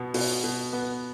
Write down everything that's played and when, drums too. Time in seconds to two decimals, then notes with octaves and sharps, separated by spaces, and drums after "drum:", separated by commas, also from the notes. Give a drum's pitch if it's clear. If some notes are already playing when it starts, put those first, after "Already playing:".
Already playing: B2 B3
0.14 B2, drum: open hi-hat
0.44 B2
0.73 B3